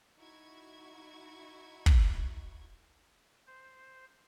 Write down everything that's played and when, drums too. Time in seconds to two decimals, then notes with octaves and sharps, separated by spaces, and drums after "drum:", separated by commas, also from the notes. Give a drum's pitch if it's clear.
0.17 D#4 E4 F#4 C#6 G#6
1.86 drum: kick
3.47 C5